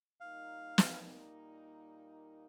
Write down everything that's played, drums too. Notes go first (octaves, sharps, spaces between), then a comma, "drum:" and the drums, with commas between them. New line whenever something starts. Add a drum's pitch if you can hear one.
A#2 G3 A#3 D#4 F5
drum: snare